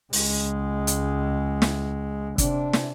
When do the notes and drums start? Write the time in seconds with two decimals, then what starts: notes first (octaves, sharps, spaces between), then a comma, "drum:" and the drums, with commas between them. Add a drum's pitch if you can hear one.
0.13 C#2 G#3, drum: open hi-hat
0.87 drum: hi-hat
1.62 drum: snare
2.38 C3 D4, drum: kick, hi-hat
2.73 drum: snare